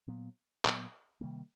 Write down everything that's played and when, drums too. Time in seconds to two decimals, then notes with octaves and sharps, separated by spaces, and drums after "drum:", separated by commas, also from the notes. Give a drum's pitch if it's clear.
0.08 A#2 F#3 B3
0.65 A#2 F#3 B3, drum: clap
1.21 C3 D#3 G3 A#3